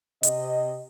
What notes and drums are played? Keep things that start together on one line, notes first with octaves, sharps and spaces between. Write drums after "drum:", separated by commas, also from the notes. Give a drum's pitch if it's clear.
C3 D#5, drum: hi-hat